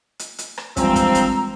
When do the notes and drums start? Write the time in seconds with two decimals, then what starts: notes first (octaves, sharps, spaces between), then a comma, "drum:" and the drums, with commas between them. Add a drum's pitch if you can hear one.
0.19 drum: hi-hat
0.38 drum: hi-hat
0.58 drum: rim click
0.77 G2 E3 F3 G3 G#3 C4 A#5 E6, drum: kick, hi-hat
0.96 drum: kick, hi-hat
1.15 drum: hi-hat